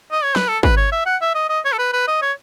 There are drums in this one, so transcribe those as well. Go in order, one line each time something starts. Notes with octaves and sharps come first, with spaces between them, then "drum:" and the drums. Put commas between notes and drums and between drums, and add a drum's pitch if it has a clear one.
D#5
C#5
B4, drum: snare
A4
B4, drum: kick
C#5
E5
F#5
E5
D#5
D#5
C#5
A4
B4
B4
D#5
C#5